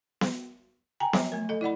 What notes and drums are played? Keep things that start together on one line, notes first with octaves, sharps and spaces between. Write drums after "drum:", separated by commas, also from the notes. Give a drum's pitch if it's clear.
drum: snare B3
G5 G#5 A#5
F3 F#3 C#5 D6, drum: snare B3
A3 A#4
A4 D#5
E4 D5 F#5 B5